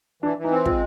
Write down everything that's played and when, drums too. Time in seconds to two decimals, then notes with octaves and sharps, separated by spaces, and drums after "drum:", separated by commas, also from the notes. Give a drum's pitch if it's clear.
0.23 E3 D4
0.38 E3
0.44 D#4
0.51 C4
0.66 G#3 F4, drum: kick